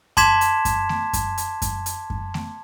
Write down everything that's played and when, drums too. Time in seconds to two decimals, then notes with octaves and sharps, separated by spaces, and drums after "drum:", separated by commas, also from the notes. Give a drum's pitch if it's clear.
0.17 A5 C6 D6 G#6 B6 E7, drum: kick F#2, hi-hat
0.41 drum: hi-hat
0.65 drum: kick F#2, hi-hat
0.89 drum: snare A3
1.13 drum: kick F#2, hi-hat
1.38 drum: hi-hat
1.62 drum: kick F#2, hi-hat
1.86 drum: hi-hat
2.10 drum: kick F#2
2.34 drum: snare A3